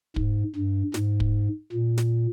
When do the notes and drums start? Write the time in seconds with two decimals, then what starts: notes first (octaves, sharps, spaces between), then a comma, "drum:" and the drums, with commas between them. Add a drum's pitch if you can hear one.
0.16 G#2, drum: kick
0.56 G2
0.94 G#2, drum: snare
1.20 drum: kick
1.72 A#2
1.98 drum: snare